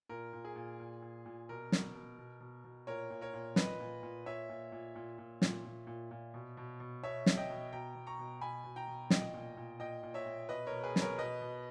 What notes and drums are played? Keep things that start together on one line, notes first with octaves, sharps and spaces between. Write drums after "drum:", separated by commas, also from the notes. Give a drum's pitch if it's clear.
A#2 A#4
A#2
G#4
A#2
A#2
A#2
A#2
B2 A#4
B2, drum: snare
B2
B2
B2
B2
A#2 A#4 C#5
A#2
A#4 C#5
A#2
A#2 B4 D#5, drum: snare
A#2
A#2
A#2 C#5 E5
A#2
A#2
A#2
A#2
A#2, drum: snare
A#2
A#2
A#2
B2
B2
B2
B2 C#5 E5
B2, drum: snare
D#5 G5
B2
B2 G5 A#5
B2
A#5 C#6
B2
B2 G#5 B5
B2
G5 A#5
B2
A#2 D#5 G5, drum: snare
A#2
A#2
A#2 D#5 G5
A#2
C#5 E5
A#2
B2 B4 D#5
A#4 C#5
B2
G#4 B4
B2, drum: snare
A#4 C#5
B2 B4 D#5
B2